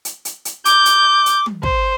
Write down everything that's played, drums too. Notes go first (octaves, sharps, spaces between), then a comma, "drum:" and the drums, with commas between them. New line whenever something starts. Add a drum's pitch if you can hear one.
drum: hi-hat
drum: hi-hat
drum: hi-hat
D6 G6, drum: hi-hat
drum: hi-hat
drum: hi-hat
drum: tom
C5, drum: kick